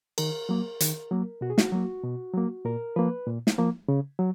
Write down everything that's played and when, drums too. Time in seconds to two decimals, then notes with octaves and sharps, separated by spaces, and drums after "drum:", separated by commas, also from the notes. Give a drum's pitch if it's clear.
0.18 D#3 A#4, drum: cymbal
0.49 F#3 A#3
0.80 D#3, drum: hi-hat
1.11 F#3 A#3
1.41 B2 F#4
1.50 G#4
1.58 F#4, drum: snare
1.72 F#3 A#3
2.03 B2
2.34 F#3 A#3
2.65 A#2 A#4
2.96 F3 A#3 B4
3.27 A#2
3.47 drum: snare
3.58 F3 A#3
3.88 C#3
4.19 F#3